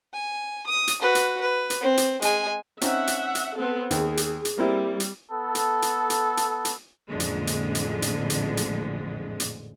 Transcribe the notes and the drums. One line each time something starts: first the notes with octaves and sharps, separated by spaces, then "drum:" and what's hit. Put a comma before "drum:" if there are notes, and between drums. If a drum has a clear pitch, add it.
G#5
D#6
drum: hi-hat
F#4 B4
drum: hi-hat
B4
drum: hi-hat
C4
drum: hi-hat
G#3 G#5, drum: hi-hat
C4 C#4 D#4 E5 F#5, drum: hi-hat
drum: hi-hat
drum: hi-hat
B3 C4 A4
D#2 G#4, drum: hi-hat
drum: hi-hat
drum: hi-hat
G3 A#3 C4 E4
drum: hi-hat
B3 A4
drum: hi-hat
drum: hi-hat
drum: hi-hat
drum: hi-hat
drum: hi-hat
A1 F2 A#2 D3 G#3
drum: hi-hat
drum: hi-hat
drum: hi-hat
drum: hi-hat
drum: hi-hat
drum: hi-hat
drum: hi-hat